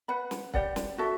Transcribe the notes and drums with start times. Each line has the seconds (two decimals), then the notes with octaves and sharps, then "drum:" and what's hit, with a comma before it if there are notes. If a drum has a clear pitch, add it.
0.08 B4 F#5 B5
0.31 drum: snare
0.54 G4 D5 F#5, drum: kick C#1
0.76 drum: snare
0.98 F#4 A4 E5